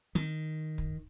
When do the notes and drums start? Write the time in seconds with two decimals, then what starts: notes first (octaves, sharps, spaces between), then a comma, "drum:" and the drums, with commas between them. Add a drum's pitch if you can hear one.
0.15 D#3, drum: snare
0.78 drum: kick